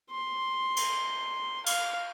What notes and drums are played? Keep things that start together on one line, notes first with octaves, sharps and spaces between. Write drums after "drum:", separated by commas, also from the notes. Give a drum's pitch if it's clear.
C6
drum: cymbal
F5, drum: cymbal